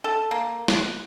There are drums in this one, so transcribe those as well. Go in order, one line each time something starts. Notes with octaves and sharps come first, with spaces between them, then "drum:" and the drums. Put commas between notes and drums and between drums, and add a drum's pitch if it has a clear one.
A4
A#3
F#5, drum: snare